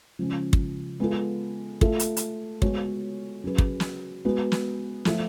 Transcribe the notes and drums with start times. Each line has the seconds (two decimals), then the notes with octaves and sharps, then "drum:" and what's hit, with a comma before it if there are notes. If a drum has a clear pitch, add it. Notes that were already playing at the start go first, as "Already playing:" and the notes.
0.19 C#3 F3 G#3 C#4
0.53 drum: kick
1.00 G#3 B3 F4 A4
1.81 A3 F4 A4, drum: kick
1.99 drum: hi-hat
2.17 drum: hi-hat
2.62 G#3 B3 F#4 C#5, drum: kick
3.44 F#3 C#4 G#4 B4
3.58 drum: kick
3.80 drum: snare
4.25 G#3 B3 F#4
4.52 drum: snare
5.05 F3 A3 F4, drum: snare